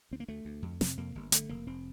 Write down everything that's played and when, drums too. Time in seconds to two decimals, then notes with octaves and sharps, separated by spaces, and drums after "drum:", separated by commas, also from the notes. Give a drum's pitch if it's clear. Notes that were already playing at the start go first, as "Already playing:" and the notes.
0.11 D2 C4
0.20 A#3
0.28 D2 A3
0.45 D2
0.62 F2
0.81 C3, drum: snare
0.97 F2 A#3
1.15 G1
1.32 D3 A3, drum: hi-hat
1.49 F1 A#3
1.67 F1 C4